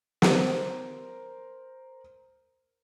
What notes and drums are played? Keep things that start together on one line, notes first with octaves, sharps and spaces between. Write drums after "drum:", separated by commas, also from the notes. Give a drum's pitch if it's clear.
A#4 C5, drum: snare